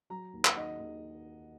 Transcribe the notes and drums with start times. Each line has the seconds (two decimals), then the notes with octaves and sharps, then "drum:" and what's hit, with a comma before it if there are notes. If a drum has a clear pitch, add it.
0.10 F#3 A#5
0.33 D#2
0.45 F#5, drum: clap
0.56 D#3 D#5
0.79 D#2